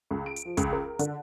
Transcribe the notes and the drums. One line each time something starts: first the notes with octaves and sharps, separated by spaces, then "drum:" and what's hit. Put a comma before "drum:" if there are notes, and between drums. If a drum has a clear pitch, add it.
C#2
D7
drum: hi-hat
F3
C#2, drum: kick, hi-hat
A#4
D3, drum: hi-hat